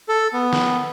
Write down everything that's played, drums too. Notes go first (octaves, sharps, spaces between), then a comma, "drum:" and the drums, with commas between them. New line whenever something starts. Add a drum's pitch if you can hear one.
A4
B3
drum: snare